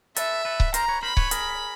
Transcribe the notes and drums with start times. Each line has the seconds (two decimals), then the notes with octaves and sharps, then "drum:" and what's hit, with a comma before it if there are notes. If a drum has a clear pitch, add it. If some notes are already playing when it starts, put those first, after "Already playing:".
0.16 A4 B4 E5, drum: hi-hat
0.45 A4 B4
0.60 drum: kick C#1
0.74 A#4 C5 A#5, drum: hi-hat
0.88 B4 C#5
1.03 A#4 C5 B5
1.17 B4 C#5, drum: kick C#1
1.31 G#4 A#4, drum: hi-hat